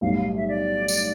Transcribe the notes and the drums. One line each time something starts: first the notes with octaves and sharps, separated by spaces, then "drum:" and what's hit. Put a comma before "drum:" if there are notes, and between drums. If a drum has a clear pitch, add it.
B1 A2 G3 F5
F5
E5
D5
drum: tambourine